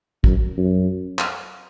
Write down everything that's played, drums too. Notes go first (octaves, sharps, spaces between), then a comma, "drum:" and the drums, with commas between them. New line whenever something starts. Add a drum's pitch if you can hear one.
F#2, drum: kick
F#2
drum: clap